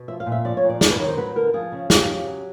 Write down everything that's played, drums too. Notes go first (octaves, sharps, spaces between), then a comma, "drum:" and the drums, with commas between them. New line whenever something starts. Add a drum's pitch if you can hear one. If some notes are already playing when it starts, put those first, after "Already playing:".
Already playing: B2
F3 E5
F5
A#2
E5
F3 D5
C#5
A#2
D5
G3 D5, drum: snare
B4
D#3 C#5
C5
F#3 B4
D3 A#4
F3 G#4
C#3
F3 G4, drum: snare
C#3
F#3